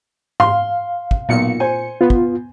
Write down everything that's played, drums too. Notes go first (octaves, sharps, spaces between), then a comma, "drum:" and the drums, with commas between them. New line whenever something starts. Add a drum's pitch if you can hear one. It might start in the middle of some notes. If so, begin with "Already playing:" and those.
F5 C6, drum: tom G#2
drum: kick
B1 A#2 C#7
C5 G#5
B3 F4
drum: kick